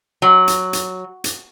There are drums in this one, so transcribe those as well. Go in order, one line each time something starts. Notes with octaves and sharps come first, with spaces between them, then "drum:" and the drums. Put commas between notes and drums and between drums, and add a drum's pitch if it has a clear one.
F#3
drum: hi-hat
drum: hi-hat
drum: hi-hat